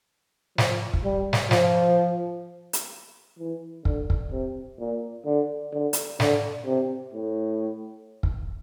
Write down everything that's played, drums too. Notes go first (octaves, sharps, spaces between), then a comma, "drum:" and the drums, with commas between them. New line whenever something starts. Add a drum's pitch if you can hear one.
F3, drum: snare
drum: kick
G3
drum: snare
F3, drum: snare
drum: hi-hat
E3
D3, drum: kick
drum: kick
C3
A#2
D3
D3
drum: hi-hat
D3, drum: snare
C3
A2
drum: kick